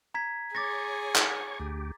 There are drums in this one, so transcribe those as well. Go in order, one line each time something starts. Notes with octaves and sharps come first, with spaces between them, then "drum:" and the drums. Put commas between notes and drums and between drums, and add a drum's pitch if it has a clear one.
A#5 G#6 B6
G#4 C#5 C#6 D6 A6 A#6
drum: clap
D2 G4